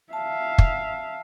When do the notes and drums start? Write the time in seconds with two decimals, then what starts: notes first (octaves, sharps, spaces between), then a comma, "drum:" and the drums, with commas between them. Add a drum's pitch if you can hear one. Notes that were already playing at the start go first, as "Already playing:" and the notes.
0.13 E5 F5 A5
0.58 drum: kick